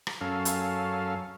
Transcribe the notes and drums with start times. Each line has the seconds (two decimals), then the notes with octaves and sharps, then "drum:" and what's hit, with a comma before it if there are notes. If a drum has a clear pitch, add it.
0.07 drum: rim click
0.21 F#2 C#4 A4 F5
0.45 drum: hi-hat